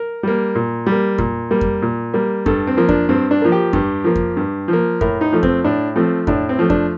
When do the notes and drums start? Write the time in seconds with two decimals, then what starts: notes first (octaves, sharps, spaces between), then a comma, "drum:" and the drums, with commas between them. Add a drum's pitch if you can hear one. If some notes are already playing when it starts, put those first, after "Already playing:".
Already playing: A#4
0.23 G3 A#3
0.55 A#2
0.86 G3
0.92 A#3
1.18 A#2, drum: kick F2
1.51 G3 A#3
1.61 drum: kick F2
1.82 A#2
2.14 G3 A#3
2.46 G2 A4, drum: kick F2
2.67 C4
2.77 F3 A#3
2.89 D4, drum: kick F2
3.09 G2 C4
3.31 D4
3.41 F3 A#3
3.52 G4
3.73 G2, drum: kick F2
4.04 F3 A#3
4.16 drum: kick F2
4.37 G2
4.68 F3
4.73 A#3
5.01 A2 A#4, drum: kick F2
5.21 D#4
5.32 F3 A3
5.43 C4, drum: kick F2
5.64 A2 D4
5.96 F3 A3 C4
6.27 A2 D4, drum: kick F2
6.49 C4
6.59 F3 A3
6.70 D4, drum: kick F2